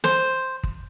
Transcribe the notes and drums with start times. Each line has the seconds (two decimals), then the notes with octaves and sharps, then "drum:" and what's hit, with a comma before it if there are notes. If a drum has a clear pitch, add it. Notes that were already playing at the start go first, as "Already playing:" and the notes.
0.04 C5, drum: snare
0.64 drum: kick